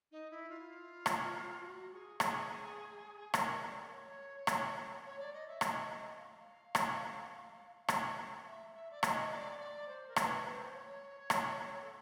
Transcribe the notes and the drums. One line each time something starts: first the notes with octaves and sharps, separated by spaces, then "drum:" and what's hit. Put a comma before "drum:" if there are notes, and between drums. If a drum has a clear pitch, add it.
D#4
E4
F4
drum: rim click
F#4
G#4
G#4, drum: rim click
A#4, drum: rim click
D5
C#5
drum: rim click
C#5
D5
D#5
E5
D#5, drum: rim click
E5
D#5
F5
drum: rim click
drum: rim click
E5
E5
D5
D#5, drum: rim click
D5
D5
C5
A#4
B4, drum: rim click
C5
C#5
drum: rim click
A4